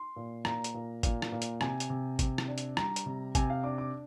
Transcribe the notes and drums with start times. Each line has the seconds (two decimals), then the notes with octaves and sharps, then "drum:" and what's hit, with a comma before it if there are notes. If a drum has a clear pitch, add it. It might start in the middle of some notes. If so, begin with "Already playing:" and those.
Already playing: C6
0.16 A#2
0.45 A#2 A#5, drum: rim click
0.64 drum: hi-hat
0.74 A#2
1.03 A#2, drum: kick G#1, hi-hat
1.22 drum: rim click
1.32 A#2
1.42 drum: hi-hat
1.61 C3 G#5, drum: rim click
1.80 drum: hi-hat
1.90 C3
2.19 C3, drum: kick G#1, hi-hat
2.38 drum: rim click
2.48 D4
2.58 drum: hi-hat
2.77 G3 A#5, drum: rim click
2.96 drum: hi-hat
3.06 C3
3.35 C3 G#5, drum: kick G#1, hi-hat
3.50 F5
3.63 D4 D6
3.78 D6